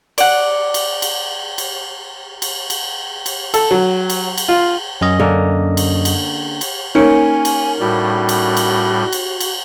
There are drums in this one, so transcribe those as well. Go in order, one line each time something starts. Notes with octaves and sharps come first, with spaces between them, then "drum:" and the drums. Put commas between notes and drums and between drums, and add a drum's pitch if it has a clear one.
D5 F#5, drum: cymbal
drum: cymbal
drum: cymbal
drum: cymbal
drum: cymbal
drum: cymbal
drum: cymbal
A4, drum: cymbal
F#3
drum: cymbal
drum: cymbal
F4
F#2 C#4 D#5
D3 A#3 C#4
drum: cymbal
drum: cymbal
drum: cymbal
A#3 C#4 D#4 A#4 G#5 C#7
drum: cymbal
A2 G3 F#4
drum: cymbal
drum: cymbal
drum: cymbal
drum: cymbal